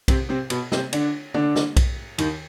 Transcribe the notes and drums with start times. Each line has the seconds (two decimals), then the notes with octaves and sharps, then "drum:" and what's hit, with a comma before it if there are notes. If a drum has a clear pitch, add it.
0.08 C3 C4, drum: kick B1, cymbal
0.29 C3 C4
0.50 B2 B3, drum: cymbal
0.72 C3 C4, drum: snare
0.93 D3 D4, drum: cymbal
1.34 D3 D4, drum: tom
1.56 drum: snare
1.77 drum: kick B1, cymbal
2.18 D#2 D#3, drum: cymbal